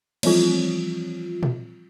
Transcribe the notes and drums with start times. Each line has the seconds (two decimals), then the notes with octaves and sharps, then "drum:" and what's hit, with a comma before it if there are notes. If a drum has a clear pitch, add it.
0.23 E3 F3 G3 C4 F4, drum: cymbal
1.43 drum: tom A#2